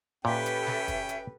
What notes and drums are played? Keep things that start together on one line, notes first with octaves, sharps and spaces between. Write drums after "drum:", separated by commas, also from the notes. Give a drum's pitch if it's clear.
A#2 C#4 G4 A4 B4 E5 G5
drum: hi-hat
drum: snare
drum: kick, hi-hat
drum: hi-hat